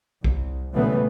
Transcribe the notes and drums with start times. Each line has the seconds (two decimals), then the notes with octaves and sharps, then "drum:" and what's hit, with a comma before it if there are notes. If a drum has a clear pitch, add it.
0.24 C2, drum: kick B1
0.74 A#2 C#3 E3 G3 A3 B3